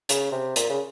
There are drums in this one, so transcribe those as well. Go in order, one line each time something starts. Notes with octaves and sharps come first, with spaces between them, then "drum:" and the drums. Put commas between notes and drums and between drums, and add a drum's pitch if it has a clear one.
C#3, drum: hi-hat
C3
A#2, drum: hi-hat
C#3